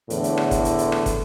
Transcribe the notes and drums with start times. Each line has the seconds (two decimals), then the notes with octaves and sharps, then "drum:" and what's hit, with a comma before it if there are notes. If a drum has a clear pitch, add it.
0.10 E2 A2 D3, drum: hi-hat
0.24 drum: hi-hat
0.37 drum: rim click
0.51 drum: kick, hi-hat
0.65 drum: hi-hat
0.78 drum: hi-hat
0.92 drum: rim click
1.06 drum: kick, hi-hat